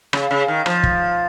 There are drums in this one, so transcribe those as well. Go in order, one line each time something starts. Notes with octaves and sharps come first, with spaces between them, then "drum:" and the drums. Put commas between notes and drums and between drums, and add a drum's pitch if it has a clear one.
C#3, drum: rim click
C#3
D#3
F3, drum: rim click
drum: kick